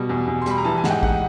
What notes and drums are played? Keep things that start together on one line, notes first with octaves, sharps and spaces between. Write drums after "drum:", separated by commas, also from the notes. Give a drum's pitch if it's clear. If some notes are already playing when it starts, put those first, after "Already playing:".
Already playing: B2 G3
E2
E2
C6
G3 B5, drum: hi-hat
A#5
E3 A5
G#5
G#2 F#5, drum: snare
G5
G#2 F#5, drum: kick